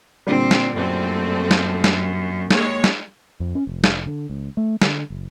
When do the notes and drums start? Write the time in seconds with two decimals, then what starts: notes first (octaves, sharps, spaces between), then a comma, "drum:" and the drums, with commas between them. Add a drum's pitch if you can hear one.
0.27 A#2 D3 G3 C4
0.51 drum: snare
0.76 F#2 A3 C4 A4
1.51 drum: snare
1.84 drum: snare
2.51 D#2 G#3 C#5, drum: snare
2.84 drum: snare
3.40 F2
3.55 C#4
3.67 F1
3.84 drum: snare
4.06 D3
4.30 C#2
4.57 A3
4.82 D3, drum: snare
5.10 F#1